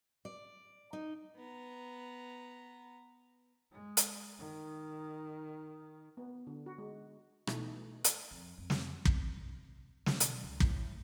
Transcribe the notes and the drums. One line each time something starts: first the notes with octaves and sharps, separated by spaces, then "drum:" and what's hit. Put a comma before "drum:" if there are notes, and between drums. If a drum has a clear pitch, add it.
D5
D#4
B3 A#5
G#3
drum: hi-hat
D#3
B3
D3
F#4
G#3
B2 E3 A3 D#4, drum: rim click
drum: hi-hat
F2
F2
drum: snare
C3, drum: kick
D#4, drum: snare
B2, drum: hi-hat
C#2
A2, drum: kick